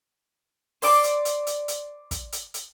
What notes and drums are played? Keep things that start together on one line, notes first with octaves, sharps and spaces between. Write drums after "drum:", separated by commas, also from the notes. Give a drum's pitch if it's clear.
C5 D5 D6, drum: open hi-hat
drum: hi-hat
drum: hi-hat
drum: hi-hat
drum: hi-hat
drum: kick, hi-hat
drum: hi-hat
drum: hi-hat